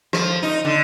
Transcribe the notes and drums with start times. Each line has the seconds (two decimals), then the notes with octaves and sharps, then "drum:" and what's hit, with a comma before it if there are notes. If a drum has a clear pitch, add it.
0.13 F3, drum: rim click
0.42 D#4
0.65 D3